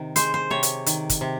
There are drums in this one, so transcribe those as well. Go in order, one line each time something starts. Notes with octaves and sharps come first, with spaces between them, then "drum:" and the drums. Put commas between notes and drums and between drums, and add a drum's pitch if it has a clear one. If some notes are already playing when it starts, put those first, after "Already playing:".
Already playing: C3 D#3
G#3 C5, drum: hi-hat
C5
C3 C#5
drum: hi-hat
D#3, drum: hi-hat
drum: kick, hi-hat
C3